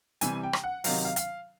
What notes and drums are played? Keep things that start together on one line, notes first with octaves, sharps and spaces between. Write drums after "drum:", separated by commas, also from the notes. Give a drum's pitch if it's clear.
C3 E3 G3 G#5, drum: hi-hat
G5
drum: rim click
F#5
C3 D#3 F#3 F5, drum: open hi-hat
F5
F5, drum: hi-hat